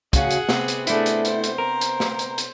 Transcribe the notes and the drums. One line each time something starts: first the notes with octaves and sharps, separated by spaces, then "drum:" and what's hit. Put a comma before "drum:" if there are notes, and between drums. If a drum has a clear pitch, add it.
D2 C#3 F#4 G#4 F#5, drum: kick, hi-hat
drum: hi-hat
C3 B3 C4, drum: snare
drum: hi-hat
A3 D4 E4 G#4, drum: hi-hat
drum: hi-hat
C5, drum: hi-hat
drum: hi-hat
A#4
drum: hi-hat
drum: snare
drum: hi-hat
drum: hi-hat